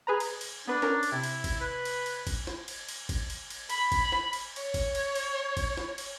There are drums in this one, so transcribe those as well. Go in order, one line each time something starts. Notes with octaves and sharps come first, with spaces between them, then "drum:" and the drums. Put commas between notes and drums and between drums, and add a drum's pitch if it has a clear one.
G#4 B4 A#5
drum: cymbal
drum: cymbal
B3 D4 B4
C#4 A#4, drum: snare
drum: cymbal
C3 E4
drum: cymbal
drum: kick, cymbal
B4
drum: cymbal
drum: cymbal
drum: kick, cymbal
drum: snare
drum: cymbal
drum: cymbal
drum: kick, cymbal
drum: cymbal
drum: cymbal
B5, drum: cymbal
drum: kick, cymbal
drum: snare
drum: cymbal
C#5, drum: cymbal
drum: kick, cymbal
drum: cymbal
drum: cymbal
drum: kick, cymbal
drum: snare
drum: cymbal